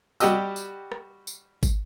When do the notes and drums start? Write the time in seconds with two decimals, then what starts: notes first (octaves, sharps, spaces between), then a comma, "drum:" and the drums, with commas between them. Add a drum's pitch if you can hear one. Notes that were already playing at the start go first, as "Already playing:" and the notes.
0.20 G3 F#4 G4 D#5 E6, drum: tambourine
0.56 drum: tambourine
0.92 drum: rim click
1.27 drum: tambourine
1.63 drum: kick, tambourine